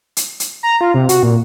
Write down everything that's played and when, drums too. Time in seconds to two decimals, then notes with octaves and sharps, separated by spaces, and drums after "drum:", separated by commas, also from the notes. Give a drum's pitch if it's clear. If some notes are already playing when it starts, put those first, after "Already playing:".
0.17 drum: hi-hat
0.40 drum: hi-hat
0.63 A#5
0.81 F4
0.94 C3
1.09 F#4, drum: hi-hat
1.23 A#2